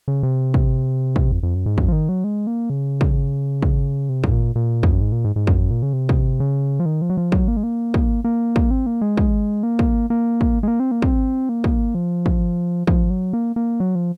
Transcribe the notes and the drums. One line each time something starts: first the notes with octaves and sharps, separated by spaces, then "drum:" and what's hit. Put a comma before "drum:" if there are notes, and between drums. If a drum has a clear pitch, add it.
C#3
C3
drum: kick
drum: kick
F2
F2
F#2
G#2
F#2, drum: kick
F3
D#3
F#3
G#3
A#3
C#3
drum: kick
drum: kick
C3
G#2, drum: kick
A#2
A#2
F2, drum: kick
F#2
G#2
A#2
G#2
G#2
F#2, drum: kick
A#2
C#3
C3
drum: kick
C#3
F3
D#3
F3
F#3
F3
F#3, drum: kick
A#3
G#3
A#3
drum: kick
A#3
drum: kick
C4
A#3
G#3
drum: kick
A#3
drum: kick
A#3
drum: kick
G#3
A#3
C4
A#3
C4, drum: kick
A#3
drum: kick
F3
drum: kick
F3, drum: kick
F#3
A#3
A#3
F#3
F3